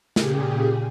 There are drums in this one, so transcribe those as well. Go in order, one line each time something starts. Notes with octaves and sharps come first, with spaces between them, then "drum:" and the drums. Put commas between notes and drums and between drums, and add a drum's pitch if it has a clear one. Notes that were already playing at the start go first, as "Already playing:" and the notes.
A#2 C#3 G4 G#4, drum: snare